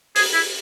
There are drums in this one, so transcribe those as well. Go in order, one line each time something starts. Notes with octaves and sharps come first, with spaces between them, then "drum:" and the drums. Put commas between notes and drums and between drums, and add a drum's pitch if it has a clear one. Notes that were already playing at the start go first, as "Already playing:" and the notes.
G#4, drum: open hi-hat
E4